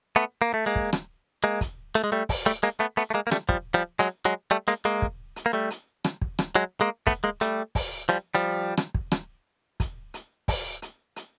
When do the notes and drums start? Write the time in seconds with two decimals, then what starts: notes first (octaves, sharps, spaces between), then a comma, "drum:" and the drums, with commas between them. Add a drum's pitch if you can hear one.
0.16 A3 B3
0.42 A#3
0.54 A3
0.66 G#3 A#3
0.76 drum: kick
0.93 drum: rim click
1.44 G#3 A#3
1.61 drum: kick, hi-hat
1.95 A3, drum: hi-hat
2.04 G#3
2.12 G3 A3
2.29 drum: kick, open hi-hat
2.46 G3 A3
2.63 G#3 A#3, drum: hi-hat
2.80 A3 B3
2.97 A3 B3, drum: hi-hat
3.10 A3
3.14 G#3 A#3
3.27 A#3
3.31 G3 A3, drum: rim click
3.49 F3 G3, drum: kick
3.74 F3 G3
3.99 F#3 G#3, drum: hi-hat
4.25 F#3 G#3
4.51 G3 A3
4.68 G#3 A#3, drum: hi-hat
4.85 G#3 A#3
5.02 drum: kick
5.36 drum: hi-hat
5.46 A#3
5.53 G3 A3
5.70 drum: hi-hat
6.04 drum: rim click
6.21 drum: kick
6.39 drum: rim click
6.55 F#3 G#3
6.81 G#3 A#3
7.07 A3 B3, drum: kick, hi-hat
7.24 G#3 A#3
7.41 G3 A3, drum: hi-hat
7.75 drum: kick, open hi-hat
8.09 F3 G3, drum: hi-hat
8.35 F3 G3
8.77 drum: rim click
8.94 drum: kick
9.12 drum: rim click
9.80 drum: kick, hi-hat
10.14 drum: hi-hat
10.48 drum: kick, open hi-hat
10.82 drum: hi-hat
11.16 drum: hi-hat